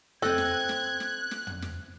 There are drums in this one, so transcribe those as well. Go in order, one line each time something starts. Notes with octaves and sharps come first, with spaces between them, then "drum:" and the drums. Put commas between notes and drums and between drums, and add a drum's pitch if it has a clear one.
C4 A4 D#5 F#6 G#6, drum: tom
drum: snare
drum: snare
drum: snare
drum: snare
drum: tom
drum: snare